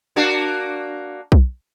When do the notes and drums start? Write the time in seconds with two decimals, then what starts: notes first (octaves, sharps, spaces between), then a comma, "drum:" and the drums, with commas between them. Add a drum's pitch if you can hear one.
0.16 A#3 D4 F#4
1.32 drum: kick B1